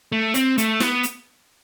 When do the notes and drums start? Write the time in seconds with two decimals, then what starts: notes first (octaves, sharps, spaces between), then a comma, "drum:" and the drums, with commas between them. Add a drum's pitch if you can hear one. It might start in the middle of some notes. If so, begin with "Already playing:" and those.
0.12 A3
0.34 C4, drum: hi-hat
0.58 A3, drum: hi-hat
0.80 B3, drum: snare
1.03 drum: hi-hat